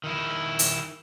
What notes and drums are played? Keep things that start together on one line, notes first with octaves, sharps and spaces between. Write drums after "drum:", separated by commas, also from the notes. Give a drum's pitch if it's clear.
D#3 E4
drum: hi-hat